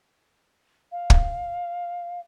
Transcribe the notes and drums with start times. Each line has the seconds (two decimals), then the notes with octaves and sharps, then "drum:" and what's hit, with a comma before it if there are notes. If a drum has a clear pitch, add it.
0.92 F5
1.10 drum: kick